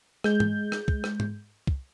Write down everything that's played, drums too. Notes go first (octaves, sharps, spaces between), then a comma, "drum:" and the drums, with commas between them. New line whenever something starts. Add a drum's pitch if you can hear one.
G#3 G6, drum: rim click
drum: tom G#2
drum: rim click
drum: kick
drum: rim click
drum: tom G#2
drum: kick